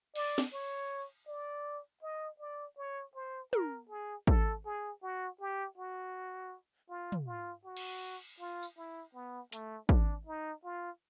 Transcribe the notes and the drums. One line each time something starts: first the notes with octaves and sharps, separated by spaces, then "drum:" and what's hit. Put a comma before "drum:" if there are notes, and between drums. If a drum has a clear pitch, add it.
D5, drum: cymbal
drum: snare
C#5
D5
D#5
D5
C#5
C5
A#4, drum: tom
G#4
A4, drum: kick
G#4
F#4
G4
F#4
F4
drum: tom
F4
F#4
drum: cymbal
F4
drum: tambourine
E4
B3
A3, drum: hi-hat
D4, drum: kick
D#4
F4